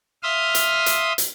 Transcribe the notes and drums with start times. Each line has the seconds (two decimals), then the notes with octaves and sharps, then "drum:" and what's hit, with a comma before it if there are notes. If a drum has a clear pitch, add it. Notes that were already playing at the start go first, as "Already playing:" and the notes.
0.23 E5 F5 C6 D#6 F6
0.55 drum: hi-hat
0.86 drum: hi-hat
1.18 drum: hi-hat